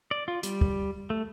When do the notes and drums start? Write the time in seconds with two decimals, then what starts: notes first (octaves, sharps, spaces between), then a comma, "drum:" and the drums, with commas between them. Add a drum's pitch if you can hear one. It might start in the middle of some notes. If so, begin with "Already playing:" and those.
0.11 D5
0.28 F4
0.43 G3, drum: hi-hat
0.61 drum: kick
1.10 A3